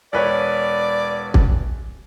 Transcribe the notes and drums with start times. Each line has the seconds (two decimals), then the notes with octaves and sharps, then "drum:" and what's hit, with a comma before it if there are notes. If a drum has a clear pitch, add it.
0.13 E1 B4 C#5 D5
1.34 drum: kick